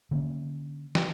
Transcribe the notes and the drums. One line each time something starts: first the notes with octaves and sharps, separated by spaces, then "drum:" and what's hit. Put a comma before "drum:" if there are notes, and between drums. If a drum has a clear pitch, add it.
D3 A#3 C#4
drum: snare